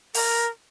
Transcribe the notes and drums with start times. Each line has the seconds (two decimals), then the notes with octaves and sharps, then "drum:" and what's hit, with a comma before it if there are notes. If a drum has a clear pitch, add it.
0.14 A#4, drum: open hi-hat